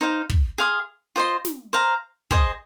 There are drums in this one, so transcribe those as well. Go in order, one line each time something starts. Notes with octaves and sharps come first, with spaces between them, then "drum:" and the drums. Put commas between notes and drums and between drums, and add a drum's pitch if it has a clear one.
D#4 C5 F5
drum: kick
G#4 F5 C6 D#6
F4 C5 D#5 C6
drum: snare
C5 F5 A#5
G#4 C5 D#5, drum: kick